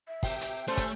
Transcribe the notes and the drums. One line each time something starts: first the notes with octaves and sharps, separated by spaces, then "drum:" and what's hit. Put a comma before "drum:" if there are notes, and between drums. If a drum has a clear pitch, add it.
E5
C3 G5, drum: kick, open hi-hat
drum: hi-hat
G3 A3 C#4 C5 A5
drum: kick, hi-hat